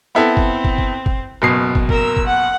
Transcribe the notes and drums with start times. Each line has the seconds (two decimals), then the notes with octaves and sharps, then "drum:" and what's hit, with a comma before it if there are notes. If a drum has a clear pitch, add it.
0.15 B3 C4 E4 A4
0.37 drum: kick
0.65 drum: kick
0.78 drum: kick
1.06 drum: kick
1.42 F#1 B2 C7
1.75 drum: kick
1.89 A#4 E6, drum: kick
2.17 drum: kick
2.26 F#5